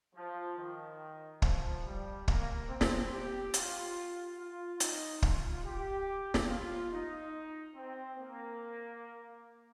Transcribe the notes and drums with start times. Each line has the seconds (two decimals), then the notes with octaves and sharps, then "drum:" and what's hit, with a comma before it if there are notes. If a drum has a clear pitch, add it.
0.16 F3
0.58 D#3
1.42 F3, drum: kick
1.85 G3
2.28 A#3, drum: kick
2.69 C4
2.81 drum: snare
3.12 G4
3.54 F4, drum: hi-hat
4.38 F4
4.80 D#4, drum: hi-hat
5.22 F4, drum: kick
5.65 G4
6.34 drum: snare
6.49 F4
6.92 D#4
7.76 C4
8.18 A#3